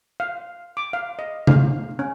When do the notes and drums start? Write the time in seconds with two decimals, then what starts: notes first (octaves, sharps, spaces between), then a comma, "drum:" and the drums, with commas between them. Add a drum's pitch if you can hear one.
0.20 F5
0.77 D6
0.93 F5
1.19 D#5
1.47 F5, drum: tom C#3
1.99 C#4